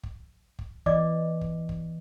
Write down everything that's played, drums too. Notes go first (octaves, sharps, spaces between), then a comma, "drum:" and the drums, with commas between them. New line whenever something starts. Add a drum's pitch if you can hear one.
drum: kick
drum: kick
E3 D5 D#5 D6, drum: kick
drum: kick
drum: kick